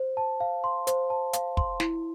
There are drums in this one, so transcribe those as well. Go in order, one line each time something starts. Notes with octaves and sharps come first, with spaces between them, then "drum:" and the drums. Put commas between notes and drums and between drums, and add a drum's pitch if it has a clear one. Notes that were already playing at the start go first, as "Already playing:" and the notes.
Already playing: C5
A5
F5
C6
C5, drum: hi-hat
A5
F5, drum: hi-hat
C6, drum: kick
E4, drum: snare